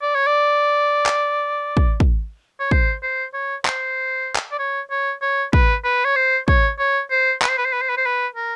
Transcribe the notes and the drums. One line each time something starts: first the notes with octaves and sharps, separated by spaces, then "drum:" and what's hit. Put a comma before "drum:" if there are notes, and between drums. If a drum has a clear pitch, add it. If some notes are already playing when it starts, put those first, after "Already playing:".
D5
C#5
D5
drum: clap
drum: kick
drum: kick
C#5
C5, drum: kick
C5
C#5
C5, drum: clap
drum: clap
D5
C#5
C#5
C#5
B4, drum: kick
B4
C#5
C5
C#5, drum: kick
C#5
C5
B4, drum: clap
C5
B4
C5
B4
C5
B4
C5
B4
A#4